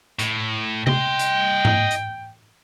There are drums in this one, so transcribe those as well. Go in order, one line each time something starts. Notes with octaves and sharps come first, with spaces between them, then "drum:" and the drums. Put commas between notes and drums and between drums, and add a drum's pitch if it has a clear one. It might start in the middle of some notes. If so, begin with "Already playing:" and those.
A2, drum: hi-hat
D#5 G5 C6, drum: tom C3
drum: hi-hat
drum: tom G#2
drum: hi-hat